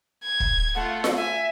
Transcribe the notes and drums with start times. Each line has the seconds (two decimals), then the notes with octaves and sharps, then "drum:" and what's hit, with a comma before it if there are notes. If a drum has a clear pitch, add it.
0.24 G#6
0.40 drum: kick
0.75 A3 F4 F#5
1.04 drum: snare F4
1.16 E5 G#5